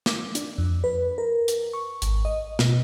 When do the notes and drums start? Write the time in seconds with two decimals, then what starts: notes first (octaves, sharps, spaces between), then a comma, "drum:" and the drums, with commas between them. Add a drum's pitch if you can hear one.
0.06 D6, drum: snare
0.35 D4, drum: hi-hat
0.58 F2
0.84 B4
1.18 A#4
1.48 drum: hi-hat
1.73 C#6
2.02 G#1, drum: hi-hat
2.25 D#5
2.59 B2, drum: snare